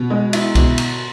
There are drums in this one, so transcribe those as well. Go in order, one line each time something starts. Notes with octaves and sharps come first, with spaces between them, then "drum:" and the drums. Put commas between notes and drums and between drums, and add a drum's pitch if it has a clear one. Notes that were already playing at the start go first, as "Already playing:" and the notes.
Already playing: B2
G#3
E4, drum: cymbal
B2, drum: kick, cymbal
drum: cymbal